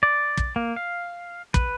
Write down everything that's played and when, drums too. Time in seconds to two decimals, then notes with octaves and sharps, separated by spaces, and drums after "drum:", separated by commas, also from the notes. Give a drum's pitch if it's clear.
0.03 D5
0.37 drum: kick
0.56 A#3
0.76 F5
1.54 B4, drum: kick